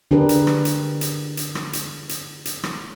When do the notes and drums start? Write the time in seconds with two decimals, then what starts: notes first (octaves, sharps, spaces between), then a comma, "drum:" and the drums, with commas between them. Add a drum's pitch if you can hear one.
0.11 D3 D4 G4 G#4 A#4 B4
0.29 drum: hi-hat
0.47 drum: rim click
0.65 drum: hi-hat
1.01 drum: hi-hat
1.37 drum: hi-hat
1.55 drum: rim click
1.73 drum: hi-hat
2.09 drum: hi-hat
2.45 drum: hi-hat
2.63 drum: rim click